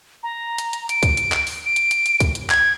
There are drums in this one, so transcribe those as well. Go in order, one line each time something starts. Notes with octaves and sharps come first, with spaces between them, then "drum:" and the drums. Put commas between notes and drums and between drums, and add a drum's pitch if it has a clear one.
A#5
drum: hi-hat
drum: hi-hat
D7, drum: hi-hat
drum: kick, hi-hat
drum: hi-hat
drum: clap
drum: open hi-hat
D7
drum: hi-hat
drum: hi-hat
drum: hi-hat
drum: kick, hi-hat
drum: hi-hat
G#6, drum: clap